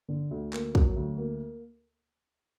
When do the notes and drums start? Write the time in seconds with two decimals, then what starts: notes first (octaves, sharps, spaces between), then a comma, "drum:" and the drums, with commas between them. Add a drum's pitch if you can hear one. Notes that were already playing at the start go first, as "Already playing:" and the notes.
0.08 D3
0.31 D2
0.53 A#3, drum: clap
0.75 F#3, drum: kick
0.96 D2
1.18 A#3